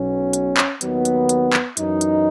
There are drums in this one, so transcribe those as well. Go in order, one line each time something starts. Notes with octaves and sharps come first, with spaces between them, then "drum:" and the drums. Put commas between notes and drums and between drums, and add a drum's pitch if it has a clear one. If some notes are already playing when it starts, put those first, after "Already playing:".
Already playing: B1 B2 F#3 C#4
drum: hi-hat
drum: clap
D#2 D#3 F#3 B3, drum: hi-hat
drum: hi-hat
drum: hi-hat
drum: clap
F#2 E3 D#4, drum: hi-hat
drum: hi-hat